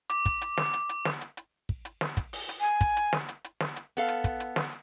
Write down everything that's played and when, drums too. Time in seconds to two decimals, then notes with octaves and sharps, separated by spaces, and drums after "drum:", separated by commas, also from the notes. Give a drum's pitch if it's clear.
0.10 D6, drum: hi-hat
0.26 drum: kick, hi-hat
0.42 drum: hi-hat
0.57 drum: snare
0.73 drum: hi-hat
0.89 drum: hi-hat
1.05 drum: snare
1.21 drum: hi-hat
1.37 drum: hi-hat
1.69 drum: kick
1.85 drum: hi-hat
2.01 drum: snare
2.17 drum: kick, hi-hat
2.33 drum: open hi-hat
2.49 drum: hi-hat
2.61 G#5
2.81 drum: kick, hi-hat
2.97 drum: hi-hat
3.13 drum: snare
3.29 drum: hi-hat
3.44 drum: hi-hat
3.60 drum: snare
3.76 drum: hi-hat
3.97 B3 A4 F5
4.08 drum: hi-hat
4.24 drum: kick, hi-hat
4.40 drum: hi-hat
4.56 drum: snare